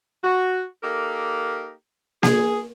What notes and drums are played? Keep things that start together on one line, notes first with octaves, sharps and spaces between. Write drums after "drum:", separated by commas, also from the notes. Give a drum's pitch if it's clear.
F#4
A#3 D#4 G4 A4 A#4
G#4, drum: snare A#3